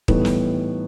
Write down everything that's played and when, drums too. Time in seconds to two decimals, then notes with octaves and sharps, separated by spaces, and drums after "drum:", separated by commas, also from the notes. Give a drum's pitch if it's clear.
0.08 A2 E3 G3 B3 D#4, drum: kick
0.25 drum: snare